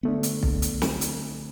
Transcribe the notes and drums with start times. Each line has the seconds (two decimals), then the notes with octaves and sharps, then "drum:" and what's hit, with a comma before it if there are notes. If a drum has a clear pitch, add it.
0.03 D3 A3 B3 D4
0.23 drum: hi-hat
0.43 drum: kick B1
0.62 drum: hi-hat
0.82 drum: snare
1.01 drum: hi-hat